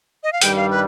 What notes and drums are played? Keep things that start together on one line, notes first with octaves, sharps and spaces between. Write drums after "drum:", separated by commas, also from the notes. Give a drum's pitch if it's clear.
D#5
F5
G2 D#3 G3 G5, drum: hi-hat
F5
B4